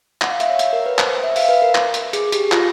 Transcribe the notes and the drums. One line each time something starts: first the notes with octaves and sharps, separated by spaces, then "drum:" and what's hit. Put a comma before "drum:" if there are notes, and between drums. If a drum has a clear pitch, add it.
F#5, drum: clap
F5
E5, drum: hi-hat
C#5
drum: hi-hat
A#4
B4
C5, drum: clap
C5
E5
F5, drum: open hi-hat
B4
A#4
drum: clap
drum: hi-hat
G#4, drum: hi-hat
G4, drum: hi-hat
F4, drum: clap